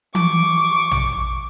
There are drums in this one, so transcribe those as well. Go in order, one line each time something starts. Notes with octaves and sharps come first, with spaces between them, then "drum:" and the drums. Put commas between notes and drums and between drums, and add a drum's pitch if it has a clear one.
C#6 D6, drum: tom E3
drum: tom A#1